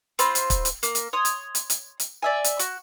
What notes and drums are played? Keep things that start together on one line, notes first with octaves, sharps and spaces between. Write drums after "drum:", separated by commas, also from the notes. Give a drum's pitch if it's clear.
C4 F4 C5 B5, drum: hi-hat
drum: hi-hat
drum: kick, hi-hat
drum: hi-hat
A#3, drum: hi-hat
drum: hi-hat
C#5 C6 D#6
drum: hi-hat
drum: hi-hat
drum: hi-hat
drum: hi-hat
D5 E5 G#5
drum: hi-hat
F#4, drum: hi-hat